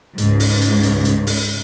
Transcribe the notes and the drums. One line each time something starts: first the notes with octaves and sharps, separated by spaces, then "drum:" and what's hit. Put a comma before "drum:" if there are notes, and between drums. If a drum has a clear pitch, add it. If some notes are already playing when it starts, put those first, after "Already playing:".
C#2 G#2, drum: hi-hat
drum: open hi-hat
drum: hi-hat
drum: hi-hat
drum: hi-hat
drum: open hi-hat